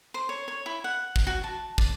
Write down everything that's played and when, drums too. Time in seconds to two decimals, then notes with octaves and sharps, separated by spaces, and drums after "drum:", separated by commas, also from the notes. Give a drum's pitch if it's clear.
0.14 C5
0.29 C#5
0.48 C#5
0.66 E4
0.84 F#5
1.16 drum: kick
1.27 F#4
1.44 A5
1.78 D5, drum: kick